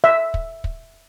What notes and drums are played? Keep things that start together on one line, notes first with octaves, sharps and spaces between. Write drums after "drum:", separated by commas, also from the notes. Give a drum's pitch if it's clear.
E5
drum: kick
drum: kick